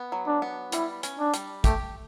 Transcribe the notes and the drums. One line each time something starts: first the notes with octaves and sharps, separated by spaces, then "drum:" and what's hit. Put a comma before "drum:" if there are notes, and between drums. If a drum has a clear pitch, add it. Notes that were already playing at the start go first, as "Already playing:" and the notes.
Already playing: B3
F#3
D4
B3
G3 E4, drum: hi-hat
C#4, drum: hi-hat
D4
G3, drum: hi-hat
A3 G4, drum: kick, hi-hat